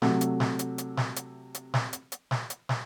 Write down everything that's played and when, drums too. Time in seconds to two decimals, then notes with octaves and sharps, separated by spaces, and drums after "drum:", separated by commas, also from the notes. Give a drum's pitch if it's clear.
0.02 C3 F#3 A3, drum: snare
0.21 drum: hi-hat
0.40 drum: snare
0.59 drum: hi-hat
0.78 drum: hi-hat
0.97 drum: snare
1.16 drum: hi-hat
1.55 drum: hi-hat
1.74 drum: snare
1.93 drum: hi-hat
2.12 drum: hi-hat
2.31 drum: snare
2.50 drum: hi-hat
2.69 drum: snare